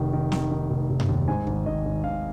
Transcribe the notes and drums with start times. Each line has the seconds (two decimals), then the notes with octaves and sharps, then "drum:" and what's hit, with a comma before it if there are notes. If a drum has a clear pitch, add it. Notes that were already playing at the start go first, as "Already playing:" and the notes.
Already playing: F1 D#3
0.13 D#3
0.32 D#3, drum: snare
0.51 D#3
0.70 F1
0.89 F1
1.00 drum: tom F#2
1.09 D#2
1.28 G#2 G#5
1.47 G#1, drum: kick
1.66 G#1 D#5
1.85 G#1
2.04 G#1 F5